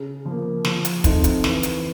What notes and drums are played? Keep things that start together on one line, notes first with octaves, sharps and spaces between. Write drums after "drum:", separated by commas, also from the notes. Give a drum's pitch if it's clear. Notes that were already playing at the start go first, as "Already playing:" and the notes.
Already playing: C#3
F3
A#3
F3, drum: snare
drum: hi-hat
A3 C4 D#4, drum: kick, hi-hat
drum: hi-hat
E3, drum: snare
drum: hi-hat